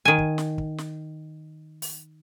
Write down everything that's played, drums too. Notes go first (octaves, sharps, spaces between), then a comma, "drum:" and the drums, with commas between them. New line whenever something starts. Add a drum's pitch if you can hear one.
D#3 G#5
drum: kick
drum: snare
drum: kick
drum: snare
drum: open hi-hat